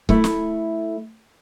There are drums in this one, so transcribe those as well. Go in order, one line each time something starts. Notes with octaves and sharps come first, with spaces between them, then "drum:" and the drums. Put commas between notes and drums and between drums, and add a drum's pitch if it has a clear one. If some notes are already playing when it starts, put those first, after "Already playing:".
A3 E4, drum: kick C#1
drum: snare